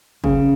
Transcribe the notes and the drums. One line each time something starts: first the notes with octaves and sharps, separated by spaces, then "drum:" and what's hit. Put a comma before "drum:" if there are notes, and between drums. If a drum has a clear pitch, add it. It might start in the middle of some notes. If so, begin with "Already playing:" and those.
C#3, drum: kick G1